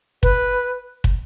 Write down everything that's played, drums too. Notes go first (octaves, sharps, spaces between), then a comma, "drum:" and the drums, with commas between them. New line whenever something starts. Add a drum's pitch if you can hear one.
B4, drum: kick
drum: kick